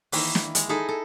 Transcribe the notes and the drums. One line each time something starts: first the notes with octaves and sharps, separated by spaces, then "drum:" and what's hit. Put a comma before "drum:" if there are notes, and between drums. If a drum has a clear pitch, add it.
D#3 E3 A#3 E4, drum: open hi-hat
drum: snare
G#3, drum: hi-hat
D#4 E4 G#4 A4
A4